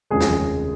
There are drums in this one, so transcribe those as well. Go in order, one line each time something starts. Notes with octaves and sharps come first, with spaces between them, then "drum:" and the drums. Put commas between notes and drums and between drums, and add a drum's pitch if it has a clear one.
F1 D#2 C#3 F3 G#3 G#4
drum: snare